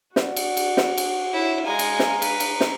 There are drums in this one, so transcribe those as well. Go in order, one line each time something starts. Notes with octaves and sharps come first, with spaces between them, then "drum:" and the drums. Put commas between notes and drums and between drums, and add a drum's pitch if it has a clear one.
F#4 D5, drum: snare
drum: cymbal
drum: cymbal
drum: snare
drum: cymbal
E4 C#5
G#3 F5 G#5 A#5
drum: cymbal
drum: snare
B4, drum: cymbal
drum: cymbal
drum: snare